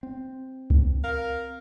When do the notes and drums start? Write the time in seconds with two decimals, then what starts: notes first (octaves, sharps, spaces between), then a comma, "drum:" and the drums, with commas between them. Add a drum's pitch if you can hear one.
0.03 C4
0.70 drum: kick C2
1.03 A#4 F5